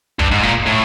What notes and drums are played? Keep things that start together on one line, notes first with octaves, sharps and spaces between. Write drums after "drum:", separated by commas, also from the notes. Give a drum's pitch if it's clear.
G2, drum: kick
G#2
A#2
A2